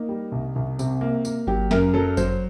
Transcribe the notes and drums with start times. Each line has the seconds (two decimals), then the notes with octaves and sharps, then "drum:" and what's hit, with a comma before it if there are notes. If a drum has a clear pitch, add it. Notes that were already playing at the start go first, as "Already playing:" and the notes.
Already playing: A#3 D#4
0.09 G3
0.32 C2
0.56 C2
0.79 C3, drum: tambourine
1.01 A#3
1.25 A#3, drum: tambourine
1.47 F#3 G4, drum: kick G1
1.71 F#2 A#4, drum: snare
1.94 F#3 A4
2.17 F#3 C5, drum: kick G1, tambourine